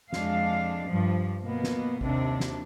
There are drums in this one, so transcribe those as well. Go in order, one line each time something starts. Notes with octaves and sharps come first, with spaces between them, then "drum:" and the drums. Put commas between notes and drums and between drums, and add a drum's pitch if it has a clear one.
F2 G#3 D4 F5, drum: snare
G2 F3 G3
B2 A#3 B3
drum: snare
D#2 C3 D4, drum: kick A1
drum: snare